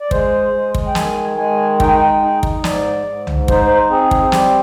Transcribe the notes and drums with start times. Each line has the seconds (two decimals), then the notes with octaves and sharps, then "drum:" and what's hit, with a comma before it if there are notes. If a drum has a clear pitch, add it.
0.01 D5
0.11 G#3 C5, drum: kick
0.53 G#3
0.75 drum: kick
0.87 G5
0.95 D#3 G#5, drum: snare
1.37 G#3 G#5
1.80 D#4 G5, drum: kick
2.22 D#4
2.43 drum: kick
2.64 G#2 D5, drum: snare
3.06 G#2
3.27 drum: tom
3.48 D#4 C5, drum: kick
3.90 C4 G#4
4.11 drum: kick
4.32 G3 G4, drum: snare